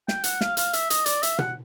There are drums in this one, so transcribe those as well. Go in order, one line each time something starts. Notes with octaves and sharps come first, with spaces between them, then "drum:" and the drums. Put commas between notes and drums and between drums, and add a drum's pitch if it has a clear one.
G5, drum: snare
F#5, drum: hi-hat
F5, drum: snare
F5, drum: hi-hat
E5, drum: hi-hat
D#5, drum: hi-hat
D5, drum: hi-hat
E5, drum: hi-hat
F#5, drum: tom B2